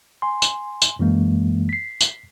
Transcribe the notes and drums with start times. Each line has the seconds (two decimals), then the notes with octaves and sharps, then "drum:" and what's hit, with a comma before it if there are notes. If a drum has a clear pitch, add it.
0.22 G#5 C6
0.42 drum: tambourine
0.82 drum: tambourine
0.99 F#2 E3 G#3 A#3
1.69 B6 C7
2.01 drum: tambourine